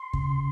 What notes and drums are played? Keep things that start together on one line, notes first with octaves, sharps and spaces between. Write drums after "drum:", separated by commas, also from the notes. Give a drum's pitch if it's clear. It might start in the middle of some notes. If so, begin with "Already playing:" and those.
Already playing: C6
C#3, drum: kick